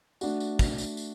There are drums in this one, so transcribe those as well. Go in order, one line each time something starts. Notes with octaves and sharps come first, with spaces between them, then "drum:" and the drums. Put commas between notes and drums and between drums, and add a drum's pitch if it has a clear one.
A3 D4 F#4, drum: tambourine
drum: tambourine
drum: kick, tambourine
drum: tambourine
drum: tambourine